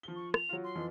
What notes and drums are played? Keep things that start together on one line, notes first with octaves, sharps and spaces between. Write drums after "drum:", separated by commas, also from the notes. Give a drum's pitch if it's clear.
F3 G7
C#6
F7, drum: rim click
F#3 F4
C6
F2 E3 F3